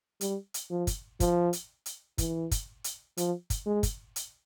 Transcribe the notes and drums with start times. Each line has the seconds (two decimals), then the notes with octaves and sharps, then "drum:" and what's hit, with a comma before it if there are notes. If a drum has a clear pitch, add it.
0.21 G3, drum: hi-hat
0.54 drum: hi-hat
0.70 F3
0.87 drum: kick, hi-hat
1.20 F3, drum: kick, hi-hat
1.53 drum: hi-hat
1.86 drum: hi-hat
2.18 E3, drum: kick, hi-hat
2.51 drum: kick, hi-hat
2.84 drum: hi-hat
3.17 F3, drum: hi-hat
3.50 drum: kick, hi-hat
3.66 G#3
3.83 drum: kick, hi-hat
4.16 drum: hi-hat